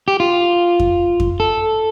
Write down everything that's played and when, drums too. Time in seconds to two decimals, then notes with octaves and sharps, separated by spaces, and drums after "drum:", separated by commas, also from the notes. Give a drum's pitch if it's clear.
0.08 G4
0.20 F4
0.80 drum: kick F2
1.20 drum: kick F2
1.40 A4